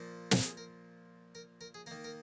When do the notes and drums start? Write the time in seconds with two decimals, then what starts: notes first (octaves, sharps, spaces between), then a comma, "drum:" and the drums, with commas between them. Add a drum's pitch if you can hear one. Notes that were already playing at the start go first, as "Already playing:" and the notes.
Already playing: A#2 F3 A#3
0.31 A#4, drum: snare
0.44 G#4
0.57 A#4
1.35 A#4
1.61 A#4
1.74 G#4
1.86 D#3 A#3 A#4
2.04 A#4